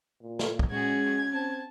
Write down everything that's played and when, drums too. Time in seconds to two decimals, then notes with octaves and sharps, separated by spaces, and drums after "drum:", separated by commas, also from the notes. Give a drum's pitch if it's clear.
0.22 A#2
0.39 drum: snare
0.59 drum: kick
0.71 G#3 C#4 F#4 G#4 G#6
1.33 C4 A5